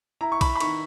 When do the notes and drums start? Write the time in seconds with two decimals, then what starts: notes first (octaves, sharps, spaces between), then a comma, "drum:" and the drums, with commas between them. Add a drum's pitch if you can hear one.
0.21 E4 A#5
0.32 C#6
0.41 B5, drum: kick B1, cymbal
0.55 B5
0.60 D#3 C#6, drum: cymbal